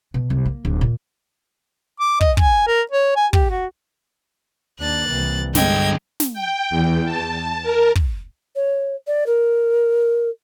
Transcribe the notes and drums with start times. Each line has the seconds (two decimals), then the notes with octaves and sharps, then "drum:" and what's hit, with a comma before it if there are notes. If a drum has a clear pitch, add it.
0.14 B2
0.30 C2
0.45 A#3
0.65 D1
0.81 A#2
2.00 D6
2.21 D#5, drum: kick
2.37 G#5, drum: kick
2.67 A#4
2.91 C#5
3.16 G#5
3.33 G4, drum: kick
3.50 F#4
4.80 D#2 A#3 D4 F#6 A6
5.09 C2 E3
5.55 G2 D3 G#3 D#5 G5 G#6, drum: snare
6.20 drum: snare
6.33 G5
6.70 E2
7.05 A5
7.63 A#4
7.95 drum: kick
8.55 C#5
9.07 D5
9.26 A#4